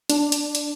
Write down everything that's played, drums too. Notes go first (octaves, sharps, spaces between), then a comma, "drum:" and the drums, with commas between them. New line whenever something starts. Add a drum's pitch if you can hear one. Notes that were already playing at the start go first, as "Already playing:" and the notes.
D4, drum: hi-hat
drum: hi-hat
drum: hi-hat